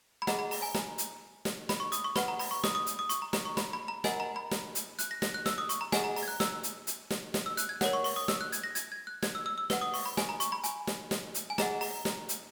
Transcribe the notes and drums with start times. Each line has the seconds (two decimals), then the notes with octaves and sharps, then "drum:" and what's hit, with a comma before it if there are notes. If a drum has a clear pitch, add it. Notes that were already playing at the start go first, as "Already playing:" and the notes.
0.22 B5
0.27 G#4 D#5 F#5 A#5, drum: snare
0.39 B5
0.51 A#5, drum: open hi-hat
0.62 G#5
0.74 A#5, drum: snare
0.98 drum: hi-hat
1.45 drum: snare
1.69 B5, drum: snare
1.80 C#6
1.92 D#6, drum: hi-hat
2.04 C#6
2.16 B4 F#5 B5, drum: snare
2.28 A#5
2.39 B5, drum: open hi-hat
2.51 C#6
2.64 D#6, drum: snare
2.75 D#6
2.87 drum: hi-hat
2.99 D#6
3.09 C#6, drum: hi-hat
3.22 A#5
3.33 A#5, drum: snare
3.45 C#6
3.57 B5, drum: snare
3.73 B5
3.88 A#5
4.04 A#4 D#5 F#5 G#5, drum: snare
4.20 A#5
4.36 B5
4.51 drum: snare
4.75 drum: hi-hat
4.99 F#6, drum: hi-hat
5.11 A#6
5.22 A#6, drum: snare
5.34 F#6
5.46 E6, drum: snare
5.58 D#6
5.69 C#6, drum: hi-hat
5.81 A#5
5.92 G#4 D#5 F#5 G#5, drum: snare
6.04 A#5
6.16 A#5, drum: open hi-hat
6.23 G#6
6.28 F#6
6.40 E6, drum: snare
6.63 drum: hi-hat
6.87 drum: hi-hat
7.10 drum: snare
7.34 drum: snare
7.46 E6
7.57 F#6, drum: hi-hat
7.69 G#6
7.81 A#4 C#5 F#5, drum: snare
7.93 C#6
8.04 C#6, drum: open hi-hat
8.16 D#6
8.28 E6, drum: snare
8.41 F#6
8.52 G#6, drum: hi-hat
8.64 A#6
8.75 G#6, drum: hi-hat
8.92 G#6
9.07 F#6
9.22 G#6, drum: snare
9.35 E6
9.46 E6
9.58 E6
9.70 B4 F#5, drum: snare
9.81 D#6
9.94 C#6, drum: open hi-hat
10.06 B5
10.17 G#5, drum: snare
10.29 A#5
10.40 C#6, drum: hi-hat
10.52 B5
10.64 G#5, drum: hi-hat
10.87 drum: snare
11.11 drum: snare
11.34 drum: hi-hat
11.50 G#5
11.58 G#4 D#5 F#5 A#5, drum: snare
11.81 A#5, drum: open hi-hat
12.05 drum: snare
12.29 drum: hi-hat